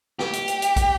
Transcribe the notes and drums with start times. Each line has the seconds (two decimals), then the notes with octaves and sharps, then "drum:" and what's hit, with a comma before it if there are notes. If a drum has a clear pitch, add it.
0.19 G4, drum: snare
0.33 drum: hi-hat
0.48 drum: hi-hat
0.62 drum: hi-hat
0.76 drum: kick, hi-hat